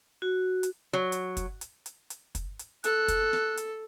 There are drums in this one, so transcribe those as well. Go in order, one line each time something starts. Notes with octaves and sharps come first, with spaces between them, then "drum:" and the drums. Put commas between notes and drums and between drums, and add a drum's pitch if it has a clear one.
F#4
drum: hi-hat
F#3
drum: hi-hat
drum: kick, hi-hat
drum: hi-hat
drum: hi-hat
drum: hi-hat
drum: kick, hi-hat
drum: hi-hat
A4 F#6, drum: hi-hat
drum: kick, hi-hat
drum: snare
drum: hi-hat